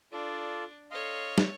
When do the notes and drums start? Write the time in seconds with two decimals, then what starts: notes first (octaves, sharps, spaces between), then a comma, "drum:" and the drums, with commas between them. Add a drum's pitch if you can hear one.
0.13 D4 F4 A4 D5
0.91 A4 C#5 D#5 F5 C6
1.38 drum: snare